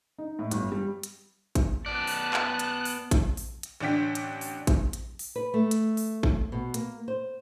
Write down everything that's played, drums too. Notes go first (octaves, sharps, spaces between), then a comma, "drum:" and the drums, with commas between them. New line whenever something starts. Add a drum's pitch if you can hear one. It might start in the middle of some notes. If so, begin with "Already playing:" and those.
D#4
A2
G1, drum: hi-hat
G3
drum: hi-hat
drum: kick G#1, hi-hat
B3 D5 A5 F#6
drum: open hi-hat
drum: clap
drum: hi-hat
drum: open hi-hat
drum: kick G#1, hi-hat
drum: open hi-hat
drum: hi-hat
A1 D3 D4 G5 B6
drum: hi-hat
drum: open hi-hat
drum: kick G#1, hi-hat
drum: hi-hat
drum: open hi-hat
B4
A3
drum: hi-hat
drum: open hi-hat
drum: kick G#1
B2
A#3, drum: hi-hat
C5